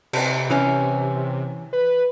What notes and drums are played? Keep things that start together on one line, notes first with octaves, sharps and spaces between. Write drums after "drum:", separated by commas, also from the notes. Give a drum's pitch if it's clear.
C3, drum: cymbal
E3 C#4
B4